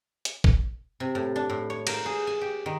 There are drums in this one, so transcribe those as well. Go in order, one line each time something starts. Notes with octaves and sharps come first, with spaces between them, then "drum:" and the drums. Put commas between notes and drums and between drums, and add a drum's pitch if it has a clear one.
drum: hi-hat
drum: kick
C3
A2
D4
A2
C#5
A#4, drum: cymbal
G#4
G#5
G4
D#3